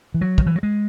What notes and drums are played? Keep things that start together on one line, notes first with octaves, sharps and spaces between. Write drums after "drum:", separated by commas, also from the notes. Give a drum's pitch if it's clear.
E3
F#3
D#3, drum: kick
E3
F#3
G#3